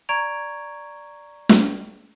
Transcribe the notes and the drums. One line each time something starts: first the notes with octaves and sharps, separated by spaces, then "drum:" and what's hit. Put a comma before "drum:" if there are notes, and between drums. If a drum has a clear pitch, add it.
D5 A#5 C#6 G#6 D7 F7
drum: snare